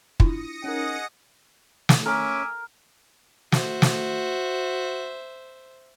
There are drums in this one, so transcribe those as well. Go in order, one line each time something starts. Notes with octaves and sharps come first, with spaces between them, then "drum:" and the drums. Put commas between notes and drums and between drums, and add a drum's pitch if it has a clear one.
D4 E4 F4 D#6 A#6 C#7, drum: kick
C#4 D#4 G#4 A#4 D#5 F#5
drum: snare
C#4 A#4 E5 G#5 D6
F#4 C5 E5, drum: snare
drum: snare